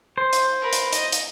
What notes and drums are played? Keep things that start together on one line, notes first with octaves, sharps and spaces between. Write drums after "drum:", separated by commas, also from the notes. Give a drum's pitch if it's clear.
C5
drum: hi-hat
A#4 B4
drum: hi-hat
D#5, drum: hi-hat
drum: hi-hat